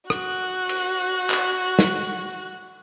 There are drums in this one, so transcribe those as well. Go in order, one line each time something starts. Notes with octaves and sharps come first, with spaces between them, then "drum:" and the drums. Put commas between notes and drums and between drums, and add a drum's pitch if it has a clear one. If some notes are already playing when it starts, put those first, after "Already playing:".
F#4 F#6, drum: rim click
drum: cymbal
drum: clap
drum: snare